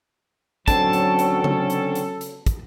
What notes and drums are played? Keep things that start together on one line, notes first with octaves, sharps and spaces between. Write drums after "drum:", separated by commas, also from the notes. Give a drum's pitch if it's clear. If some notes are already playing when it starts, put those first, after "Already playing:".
D3 F#3 C4 C#4 A4 A5, drum: kick, hi-hat
drum: hi-hat
drum: hi-hat
drum: tom C#3
drum: hi-hat
drum: hi-hat
drum: hi-hat
drum: kick, hi-hat